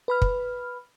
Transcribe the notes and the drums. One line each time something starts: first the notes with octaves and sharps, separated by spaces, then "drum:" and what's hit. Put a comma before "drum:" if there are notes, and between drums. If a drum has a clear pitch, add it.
B4 B5 F6
drum: kick